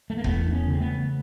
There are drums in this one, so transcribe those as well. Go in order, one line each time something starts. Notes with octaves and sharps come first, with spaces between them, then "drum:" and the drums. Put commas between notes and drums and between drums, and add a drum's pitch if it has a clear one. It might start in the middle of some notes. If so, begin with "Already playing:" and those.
A3
A#3
E2 A3 B3, drum: kick
D4
B3 C#4
C#3
C4
A3 B3